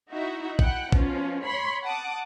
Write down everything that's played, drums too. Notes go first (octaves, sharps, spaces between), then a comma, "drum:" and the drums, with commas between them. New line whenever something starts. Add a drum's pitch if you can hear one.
D#4 E4 F#4 E5
E4 F#5 G5 F#6, drum: kick
B2 F3 C#4 F4, drum: kick
C#5 B5 C6 B6
F#5 A5 D6 D#6